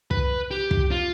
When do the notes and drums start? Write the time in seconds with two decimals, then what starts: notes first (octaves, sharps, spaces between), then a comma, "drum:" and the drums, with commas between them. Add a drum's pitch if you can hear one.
0.11 B4, drum: kick
0.51 G4
0.71 drum: kick
0.91 F4